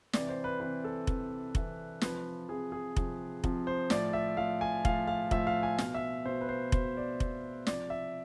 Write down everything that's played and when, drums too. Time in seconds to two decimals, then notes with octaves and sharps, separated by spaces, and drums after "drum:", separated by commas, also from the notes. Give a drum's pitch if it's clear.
0.13 C3 E3 D5, drum: snare
0.29 C5
0.44 B4
0.60 C3 E3 B4
0.84 A4
1.07 C3 E3, drum: kick F1
1.55 C3 E3, drum: kick F1
2.01 C3 F3 B4, drum: snare
2.49 C3 F3 G#4
2.72 G#4
2.96 C3 F3, drum: kick F1
3.44 C3 F3, drum: kick F1
3.67 C5
3.90 A2 F3 D5, drum: snare
4.13 E5
4.37 A2 F3 F5
4.61 G#5
4.85 A2 F3 F5, drum: kick F1
5.07 F5
5.31 A2 F3 E5, drum: kick F1
5.47 F5
5.63 G#5
5.78 B2 F5, drum: snare
5.95 E5
6.26 B2 C5
6.41 B4
6.49 C5
6.72 B2 C5, drum: kick F1
6.97 D5
7.20 B2, drum: kick F1
7.67 C3 F3 D5, drum: snare
7.90 E5